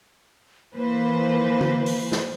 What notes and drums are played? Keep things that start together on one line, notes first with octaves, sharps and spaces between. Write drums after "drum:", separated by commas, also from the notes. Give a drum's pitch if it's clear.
E3 A#3 B4 C5
drum: tom D3
drum: open hi-hat
drum: snare